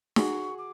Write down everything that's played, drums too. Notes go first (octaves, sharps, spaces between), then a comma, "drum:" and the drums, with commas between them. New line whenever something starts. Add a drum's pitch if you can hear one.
F#4 G#4 C#6, drum: snare
D6